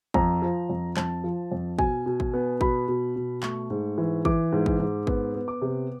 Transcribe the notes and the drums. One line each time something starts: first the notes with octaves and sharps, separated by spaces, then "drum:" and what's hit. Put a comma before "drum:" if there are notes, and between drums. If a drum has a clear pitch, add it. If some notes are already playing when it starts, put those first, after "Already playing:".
F2 A#5, drum: kick
F3
F2
F2 A5, drum: clap
F3
F2
B2 G#5, drum: kick
B2
drum: kick
B3
B2 B5, drum: kick
B2
B2
A3 C#6, drum: clap
G#2
E3
E3 D6, drum: kick
G#2
drum: kick
G#2
B3, drum: kick
B3
D6
C3